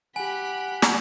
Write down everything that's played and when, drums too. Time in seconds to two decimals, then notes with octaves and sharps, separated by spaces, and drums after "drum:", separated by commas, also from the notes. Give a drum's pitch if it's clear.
0.16 G4 F#5 G#5 B5
0.82 drum: snare